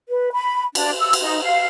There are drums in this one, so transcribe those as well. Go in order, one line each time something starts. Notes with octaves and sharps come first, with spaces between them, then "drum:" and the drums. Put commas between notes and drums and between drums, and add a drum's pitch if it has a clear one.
B4
B5
D4, drum: cymbal
E6
drum: cymbal
D#4
F5